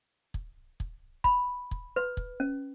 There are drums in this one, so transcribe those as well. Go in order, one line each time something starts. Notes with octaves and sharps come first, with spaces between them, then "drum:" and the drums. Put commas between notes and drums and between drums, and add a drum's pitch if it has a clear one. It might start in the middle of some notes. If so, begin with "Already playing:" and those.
drum: kick
drum: kick
B5, drum: kick
drum: kick
B4
drum: kick
C#4